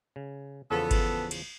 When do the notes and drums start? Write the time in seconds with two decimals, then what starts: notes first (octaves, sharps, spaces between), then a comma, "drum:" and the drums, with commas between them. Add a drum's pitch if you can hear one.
0.16 C#3
0.71 E2 C#3 F3 B3 A4
0.91 drum: kick G1, cymbal
1.31 drum: cymbal